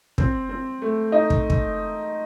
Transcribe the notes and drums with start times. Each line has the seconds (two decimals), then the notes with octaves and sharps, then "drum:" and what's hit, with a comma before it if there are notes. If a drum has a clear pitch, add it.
0.18 C4, drum: kick
0.49 C4
0.82 A3
1.12 D#4
1.30 drum: kick
1.50 drum: kick